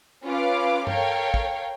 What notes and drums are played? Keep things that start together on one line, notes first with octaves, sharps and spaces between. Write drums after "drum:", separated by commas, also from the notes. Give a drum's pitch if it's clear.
C#4 F4 B4 F5 D6
A4 A#4 C#5 F5 G5, drum: tom G2
drum: kick